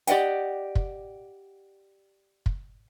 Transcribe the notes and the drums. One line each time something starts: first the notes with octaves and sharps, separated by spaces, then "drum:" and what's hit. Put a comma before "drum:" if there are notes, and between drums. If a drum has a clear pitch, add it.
G4 D5 D#5 F#5 G5, drum: hi-hat
drum: kick
drum: kick